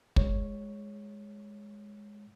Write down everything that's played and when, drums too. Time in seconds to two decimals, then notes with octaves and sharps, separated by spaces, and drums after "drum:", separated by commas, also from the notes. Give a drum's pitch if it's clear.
0.16 G#3 C#5, drum: kick